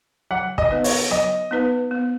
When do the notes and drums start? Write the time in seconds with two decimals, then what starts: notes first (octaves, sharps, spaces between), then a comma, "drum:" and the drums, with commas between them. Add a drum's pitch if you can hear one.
0.31 F#3 F#5
0.58 D#5, drum: kick
0.71 B3 D#4 B4
0.84 C#5, drum: open hi-hat
1.11 F#3 D#5
1.51 B3 D#4 B4
1.91 B3